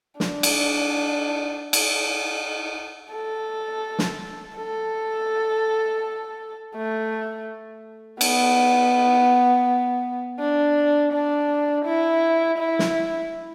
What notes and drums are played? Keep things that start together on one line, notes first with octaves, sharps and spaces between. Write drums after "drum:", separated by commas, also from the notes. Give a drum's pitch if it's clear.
D4, drum: snare
drum: cymbal
drum: cymbal
A4
drum: snare
A4
A3
B3, drum: cymbal
D4
D4
E4
E4
drum: snare